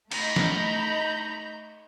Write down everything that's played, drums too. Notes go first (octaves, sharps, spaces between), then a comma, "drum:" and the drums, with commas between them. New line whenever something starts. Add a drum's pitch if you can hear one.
A3 D#4 A#5 B5 G6, drum: cymbal
drum: snare